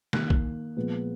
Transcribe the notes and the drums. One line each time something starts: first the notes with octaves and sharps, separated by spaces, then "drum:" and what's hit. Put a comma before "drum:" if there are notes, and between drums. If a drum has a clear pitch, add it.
D#3 A#3 F#6, drum: snare
drum: kick
A#2 F3 G#3 B3